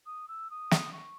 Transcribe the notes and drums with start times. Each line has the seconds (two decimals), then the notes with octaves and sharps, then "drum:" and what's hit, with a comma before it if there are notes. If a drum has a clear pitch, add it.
0.06 D#6
0.28 E6
0.50 D#6
0.71 drum: snare
0.93 C#6